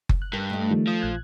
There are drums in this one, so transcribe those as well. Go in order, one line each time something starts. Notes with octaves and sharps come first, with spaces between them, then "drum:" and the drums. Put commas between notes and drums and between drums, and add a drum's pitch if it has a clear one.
drum: kick F#1
F#6
G2 A#4
A3 D#4
D#3 F3 G3
F3 D#6
A#1 F#6 G#6